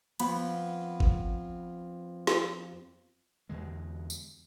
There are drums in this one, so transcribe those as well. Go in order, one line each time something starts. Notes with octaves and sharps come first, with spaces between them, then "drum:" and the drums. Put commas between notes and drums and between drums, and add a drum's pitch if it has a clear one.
F2 B3 B5, drum: cymbal
drum: kick G1
drum: snare
E2 D3 G#3
drum: tambourine